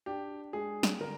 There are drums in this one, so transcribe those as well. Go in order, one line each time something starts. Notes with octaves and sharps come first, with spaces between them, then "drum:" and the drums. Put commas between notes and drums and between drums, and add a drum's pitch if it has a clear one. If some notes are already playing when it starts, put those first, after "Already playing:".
D4 G4
G#3 G#4
drum: snare
D3 A#4